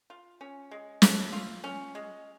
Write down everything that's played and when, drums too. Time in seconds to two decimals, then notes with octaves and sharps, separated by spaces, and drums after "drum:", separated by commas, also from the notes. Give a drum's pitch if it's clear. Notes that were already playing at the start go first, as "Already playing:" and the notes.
0.10 F4
0.41 C#4
0.71 G#3
1.02 A4, drum: snare
1.32 F4
1.64 C#4
1.95 G#3